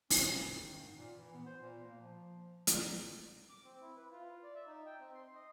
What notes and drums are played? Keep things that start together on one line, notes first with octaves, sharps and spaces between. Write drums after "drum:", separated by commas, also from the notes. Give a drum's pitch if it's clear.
C#4, drum: open hi-hat
C#3
F#2
D#3
G#2
A#2
E3
B3
C5
A#2
A#3
F3
drum: hi-hat
D6
C4
E4
B4
F4
D5
E5
D#4
G5
C4
C6
D#5